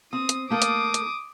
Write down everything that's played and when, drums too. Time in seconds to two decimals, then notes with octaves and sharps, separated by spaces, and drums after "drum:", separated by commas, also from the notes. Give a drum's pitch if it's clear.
0.13 C4 D#6
0.29 drum: hi-hat
0.50 A3 A#3 A4 D6 D#6
0.62 drum: hi-hat
0.94 drum: hi-hat